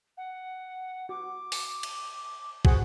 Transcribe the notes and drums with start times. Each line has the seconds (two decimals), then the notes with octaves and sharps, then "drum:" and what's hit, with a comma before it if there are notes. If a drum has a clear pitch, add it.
0.17 F#5
1.09 F#4 D6
1.52 drum: open hi-hat
1.83 drum: cymbal
2.65 F#4 G#4 C5 F#5, drum: kick